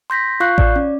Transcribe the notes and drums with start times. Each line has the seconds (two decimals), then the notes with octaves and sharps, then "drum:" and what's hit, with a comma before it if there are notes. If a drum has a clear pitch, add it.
0.10 C6 G6 A#6 B6
0.40 F4 F5 C#6 F#6 G6 C7
0.58 D5, drum: kick A1
0.76 C#4